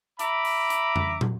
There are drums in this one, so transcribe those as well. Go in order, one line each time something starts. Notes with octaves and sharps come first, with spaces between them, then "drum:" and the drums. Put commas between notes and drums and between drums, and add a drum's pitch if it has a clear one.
E5 A#5 B5 D6, drum: hi-hat
drum: open hi-hat
drum: hi-hat
drum: tom F2
drum: tom